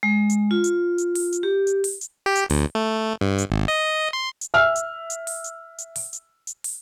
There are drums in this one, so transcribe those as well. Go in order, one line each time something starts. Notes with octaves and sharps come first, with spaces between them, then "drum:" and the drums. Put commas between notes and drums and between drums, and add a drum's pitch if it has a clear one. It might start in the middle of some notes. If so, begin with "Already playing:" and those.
G#3
drum: hi-hat
F4
drum: hi-hat
drum: hi-hat
drum: open hi-hat
drum: hi-hat
G4
drum: hi-hat
drum: open hi-hat
drum: hi-hat
G4
drum: hi-hat
D2, drum: open hi-hat
A3
G2
drum: hi-hat
G#1
D#5
C6
drum: hi-hat
E5 E6 F6
drum: hi-hat
drum: hi-hat
drum: open hi-hat
drum: hi-hat
drum: hi-hat
drum: open hi-hat
drum: hi-hat
drum: hi-hat
drum: open hi-hat